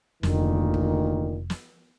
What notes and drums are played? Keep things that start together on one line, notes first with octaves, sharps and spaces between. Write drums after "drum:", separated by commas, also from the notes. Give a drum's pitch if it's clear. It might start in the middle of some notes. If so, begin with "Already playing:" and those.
F1 D2 A#2 D#3, drum: snare
drum: kick
drum: snare